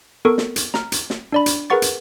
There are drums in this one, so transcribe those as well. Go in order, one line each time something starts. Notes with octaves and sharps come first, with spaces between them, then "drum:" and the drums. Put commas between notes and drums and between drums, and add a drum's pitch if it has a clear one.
B3 A4 A#4 C#6
drum: snare
drum: hi-hat
A#5 F6, drum: snare
drum: hi-hat
drum: snare
D4 D5 B5
drum: hi-hat
G#4 A#4 B4 F#5 C#6 A6
drum: hi-hat